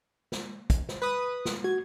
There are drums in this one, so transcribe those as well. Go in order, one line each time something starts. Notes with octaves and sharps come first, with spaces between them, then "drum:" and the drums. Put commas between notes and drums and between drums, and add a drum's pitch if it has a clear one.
drum: snare
drum: kick, hi-hat
drum: snare
B4 D#6
drum: snare
F#4 G#6